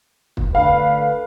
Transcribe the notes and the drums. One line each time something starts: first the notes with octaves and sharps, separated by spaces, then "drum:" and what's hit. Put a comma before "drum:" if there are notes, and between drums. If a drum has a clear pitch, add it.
drum: kick
D3 A3 B4 F5